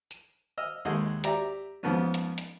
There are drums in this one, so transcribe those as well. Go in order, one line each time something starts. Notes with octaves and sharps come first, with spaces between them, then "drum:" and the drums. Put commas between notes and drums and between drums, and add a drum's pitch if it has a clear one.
drum: tambourine
D#5 E6 F6
D#2 G#3 A4 D#5 F#5
G4 D5 E5 A#5, drum: hi-hat
F2 G#2 F3 A3 B3 C#4
drum: hi-hat
drum: hi-hat